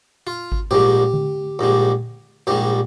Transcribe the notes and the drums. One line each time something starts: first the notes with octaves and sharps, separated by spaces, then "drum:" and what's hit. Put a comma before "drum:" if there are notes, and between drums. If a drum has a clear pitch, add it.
F4
drum: kick G#1
A#1 G#2 G3 G4, drum: tom G#2
drum: tom D3
A#1 G#2 G3
A#1 G#2 G3 G4